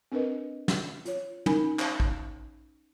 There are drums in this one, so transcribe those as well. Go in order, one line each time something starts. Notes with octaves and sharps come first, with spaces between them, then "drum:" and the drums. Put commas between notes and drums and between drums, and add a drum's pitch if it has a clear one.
C4 D4 A#4 B4 D#5
drum: snare
F4 C#5, drum: hi-hat
C#4 D#4 A#4 G#5 B5, drum: tom
C5 F5 A5, drum: clap
drum: kick A1